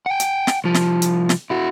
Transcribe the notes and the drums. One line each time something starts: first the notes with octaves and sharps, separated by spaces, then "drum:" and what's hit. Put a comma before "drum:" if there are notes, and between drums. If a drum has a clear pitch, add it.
F#5 G5
drum: hi-hat
drum: snare
C2 F3
drum: snare
drum: hi-hat
drum: snare
E4 F#4